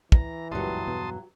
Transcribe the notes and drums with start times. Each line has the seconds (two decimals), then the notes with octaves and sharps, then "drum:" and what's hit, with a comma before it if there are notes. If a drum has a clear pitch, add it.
0.12 E3 A#5, drum: kick
0.52 F#1 C#2 G2 A#2 F#3 A5 C6 D#6
0.87 E2 B2